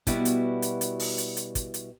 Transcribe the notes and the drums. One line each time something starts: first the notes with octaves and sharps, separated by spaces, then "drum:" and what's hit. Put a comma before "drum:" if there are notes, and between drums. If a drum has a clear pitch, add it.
B2 G3 B3 E4 F#4, drum: kick, hi-hat
drum: hi-hat
drum: hi-hat
drum: hi-hat
drum: open hi-hat
drum: hi-hat
drum: hi-hat
drum: kick, hi-hat
drum: hi-hat